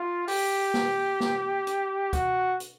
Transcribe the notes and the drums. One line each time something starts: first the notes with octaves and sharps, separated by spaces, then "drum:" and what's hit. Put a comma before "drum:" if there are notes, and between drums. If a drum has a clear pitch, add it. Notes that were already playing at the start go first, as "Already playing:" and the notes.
Already playing: F4
G4, drum: open hi-hat
drum: snare
drum: snare
drum: hi-hat
F#4, drum: kick C#2, hi-hat
drum: hi-hat